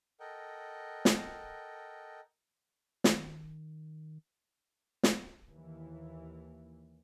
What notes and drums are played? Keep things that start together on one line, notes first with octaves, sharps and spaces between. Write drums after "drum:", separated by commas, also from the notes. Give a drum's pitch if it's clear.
A4 A#4 D#5 F#5 G5
drum: snare
D#3, drum: snare
drum: snare
D#2 E3